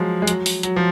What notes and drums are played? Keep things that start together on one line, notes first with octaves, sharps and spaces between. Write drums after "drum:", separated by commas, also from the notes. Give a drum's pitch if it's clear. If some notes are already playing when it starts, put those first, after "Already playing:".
Already playing: F3 F#3 G#3
G#3
F#3, drum: hi-hat
drum: open hi-hat
F#3, drum: hi-hat
F3